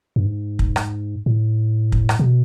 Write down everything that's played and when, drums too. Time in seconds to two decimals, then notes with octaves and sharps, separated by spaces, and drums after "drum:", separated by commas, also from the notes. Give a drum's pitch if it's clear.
0.16 G2
0.26 G#2
0.59 drum: kick
0.76 drum: rim click
1.26 A2
1.92 drum: kick
2.09 drum: rim click
2.19 C3
2.26 B2